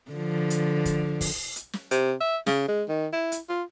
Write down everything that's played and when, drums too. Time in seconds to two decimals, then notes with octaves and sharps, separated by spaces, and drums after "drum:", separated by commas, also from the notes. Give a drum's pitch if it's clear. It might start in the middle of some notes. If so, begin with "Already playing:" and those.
0.11 D3 F3
0.50 drum: hi-hat
0.85 drum: kick, hi-hat
1.21 drum: kick, open hi-hat
1.56 drum: hi-hat
1.73 drum: snare
1.91 C3, drum: hi-hat
2.21 E5
2.47 C#3, drum: snare
2.68 G#3
2.89 D#3
3.13 E4
3.32 drum: hi-hat
3.49 F4